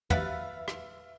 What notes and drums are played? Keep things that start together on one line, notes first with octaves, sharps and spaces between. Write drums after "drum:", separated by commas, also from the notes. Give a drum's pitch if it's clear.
B4 E5 F5 A6, drum: tom
drum: rim click